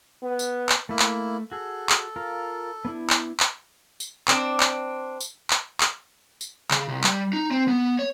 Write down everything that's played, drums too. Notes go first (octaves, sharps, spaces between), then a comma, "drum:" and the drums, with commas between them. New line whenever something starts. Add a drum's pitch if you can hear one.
B3
drum: tambourine
drum: clap
A3 A#3 E4 E5
drum: clap
F#4 G#4 A4
drum: clap
F4 A#4 F5
B3 D4 E4
drum: clap
drum: clap
drum: tambourine
C4 D4, drum: clap
drum: clap
drum: tambourine
drum: clap
drum: clap
drum: tambourine
C#3, drum: clap
C2
G3, drum: clap
D#4
C4
B3
C#5